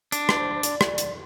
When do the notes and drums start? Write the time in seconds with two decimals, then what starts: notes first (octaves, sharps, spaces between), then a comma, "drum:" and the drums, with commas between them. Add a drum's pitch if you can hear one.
0.12 D4, drum: hi-hat
0.29 B4, drum: rim click
0.38 C5
0.54 C5
0.63 D5, drum: hi-hat
0.81 drum: rim click
0.98 drum: hi-hat